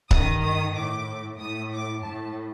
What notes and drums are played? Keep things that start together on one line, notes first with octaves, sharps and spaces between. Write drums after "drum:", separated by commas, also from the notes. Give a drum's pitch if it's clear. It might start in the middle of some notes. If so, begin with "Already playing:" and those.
G2 D#3 D#6, drum: kick C#1
D#6
A2 D6
A2 D#6
D6
A2 A5